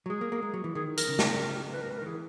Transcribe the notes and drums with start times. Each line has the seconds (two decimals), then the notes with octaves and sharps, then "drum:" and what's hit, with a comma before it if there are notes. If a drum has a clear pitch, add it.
0.06 F#3
0.10 G#3 G#4
0.21 A#3
0.32 A#3
0.42 G#3
0.54 F#3
0.64 E3
0.75 D#3 G#4
0.97 A#4, drum: hi-hat
1.08 C#3
1.19 drum: snare
1.73 B4
1.82 A#4
1.90 B4
1.98 A#4
2.02 D#3
2.06 E3 G#4